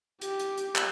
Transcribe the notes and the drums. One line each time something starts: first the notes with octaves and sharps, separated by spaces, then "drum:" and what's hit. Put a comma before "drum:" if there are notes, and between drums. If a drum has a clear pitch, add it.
G4, drum: hi-hat
drum: hi-hat
drum: hi-hat
drum: clap